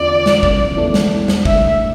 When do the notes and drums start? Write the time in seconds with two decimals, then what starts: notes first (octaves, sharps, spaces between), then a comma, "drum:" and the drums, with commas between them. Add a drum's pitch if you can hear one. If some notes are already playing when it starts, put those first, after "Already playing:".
Already playing: E2 D3 F3 C#4 F4 D5
0.26 drum: snare
0.43 drum: kick
0.77 E2 E3 A3 D4
0.94 drum: snare
1.28 drum: snare
1.45 E5, drum: kick